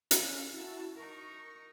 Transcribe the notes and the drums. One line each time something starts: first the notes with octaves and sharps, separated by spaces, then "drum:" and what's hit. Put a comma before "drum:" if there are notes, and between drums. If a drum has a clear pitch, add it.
C#4 F5, drum: hi-hat
E4 F#4 A5
D#4 A#4 C#6